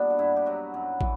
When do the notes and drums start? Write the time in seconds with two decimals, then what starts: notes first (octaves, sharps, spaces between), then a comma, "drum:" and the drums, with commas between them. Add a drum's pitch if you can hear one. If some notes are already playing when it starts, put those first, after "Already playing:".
Already playing: A#2 G3 B3 D4
0.10 F#4
0.18 G2 E4
0.36 G4
0.46 F#3 F#4
0.74 F#2
1.01 E3, drum: kick